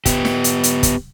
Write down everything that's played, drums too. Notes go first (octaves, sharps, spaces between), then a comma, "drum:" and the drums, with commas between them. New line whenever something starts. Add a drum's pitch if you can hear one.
B3 G4, drum: kick, hi-hat
drum: snare
drum: hi-hat
drum: hi-hat
drum: kick, hi-hat